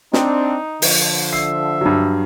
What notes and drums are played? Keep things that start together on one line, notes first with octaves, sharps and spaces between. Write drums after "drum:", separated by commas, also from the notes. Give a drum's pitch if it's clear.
C4 D4 D#4, drum: snare
D3 F3, drum: open hi-hat
E5 C7
G2 F#3